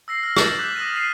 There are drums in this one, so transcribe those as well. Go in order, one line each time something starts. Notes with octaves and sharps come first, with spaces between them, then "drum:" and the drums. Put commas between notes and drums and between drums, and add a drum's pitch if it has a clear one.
E6 A#6 C7
F6 A#6
G6 A6 A#6 E7 F#7, drum: rim click
D6 F#6 G6 B6
D#6 F6 A#6 D#7
F6 B6 C7 D#7